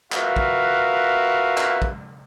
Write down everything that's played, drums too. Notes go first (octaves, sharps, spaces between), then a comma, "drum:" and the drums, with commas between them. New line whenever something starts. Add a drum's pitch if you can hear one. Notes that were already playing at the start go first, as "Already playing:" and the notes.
F4 F#4 A#4 B4 E5 F5, drum: clap
drum: kick
drum: clap
drum: kick